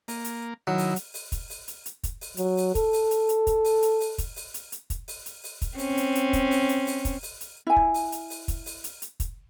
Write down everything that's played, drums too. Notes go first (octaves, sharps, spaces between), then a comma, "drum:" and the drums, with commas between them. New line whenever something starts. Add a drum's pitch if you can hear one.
A#3, drum: open hi-hat
drum: hi-hat
D#3 F#3 E4
drum: open hi-hat
drum: hi-hat
drum: open hi-hat
drum: kick, hi-hat
drum: open hi-hat
drum: hi-hat
drum: hi-hat
drum: kick, hi-hat
drum: open hi-hat
F#3, drum: hi-hat
drum: open hi-hat
A4, drum: kick, hi-hat
drum: open hi-hat
drum: hi-hat
drum: hi-hat
drum: kick, hi-hat
drum: open hi-hat
drum: hi-hat
drum: open hi-hat
drum: kick, hi-hat
drum: open hi-hat
drum: hi-hat
drum: hi-hat
drum: kick, hi-hat
drum: open hi-hat
drum: hi-hat
drum: open hi-hat
drum: kick, hi-hat
C4 C#4, drum: open hi-hat
drum: hi-hat
drum: hi-hat
drum: kick, hi-hat
drum: open hi-hat
drum: hi-hat
drum: open hi-hat
drum: kick, hi-hat
drum: open hi-hat
drum: hi-hat
E4 G#5
drum: kick
drum: open hi-hat
drum: hi-hat
drum: open hi-hat
drum: kick, hi-hat
drum: open hi-hat
drum: hi-hat
drum: hi-hat
drum: kick, hi-hat